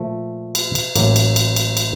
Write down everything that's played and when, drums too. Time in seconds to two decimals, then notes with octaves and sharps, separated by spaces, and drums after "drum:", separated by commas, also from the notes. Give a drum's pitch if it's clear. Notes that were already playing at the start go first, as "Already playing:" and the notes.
Already playing: A#2 F3 A3
0.55 drum: cymbal
0.75 drum: cymbal
0.96 A1 A2 F#3 A#3, drum: cymbal
1.16 drum: cymbal
1.36 drum: cymbal
1.56 drum: cymbal
1.77 drum: cymbal